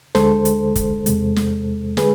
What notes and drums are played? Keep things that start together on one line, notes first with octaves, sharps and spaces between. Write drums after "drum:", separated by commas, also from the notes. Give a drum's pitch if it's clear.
D2 D3 G#3 A4 C5, drum: snare
drum: hi-hat
drum: kick, hi-hat
E2 C3 G#3, drum: hi-hat
drum: snare
D3 G#3 G#4 B4, drum: snare